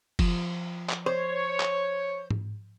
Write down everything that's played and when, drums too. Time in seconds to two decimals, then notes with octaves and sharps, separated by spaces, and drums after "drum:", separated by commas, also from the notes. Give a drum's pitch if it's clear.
0.19 F3, drum: kick, cymbal
0.89 drum: clap
1.06 C5 C#5
1.60 drum: clap
2.31 drum: tom G#2